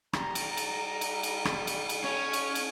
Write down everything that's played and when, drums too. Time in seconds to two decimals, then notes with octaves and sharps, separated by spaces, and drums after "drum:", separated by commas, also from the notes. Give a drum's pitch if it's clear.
0.13 G3 A#5, drum: rim click
0.35 drum: cymbal
0.57 drum: cymbal
1.01 drum: cymbal
1.23 drum: cymbal
1.45 drum: rim click
1.67 drum: cymbal
1.89 drum: cymbal
2.04 C#4 C#5
2.33 drum: cymbal
2.55 drum: cymbal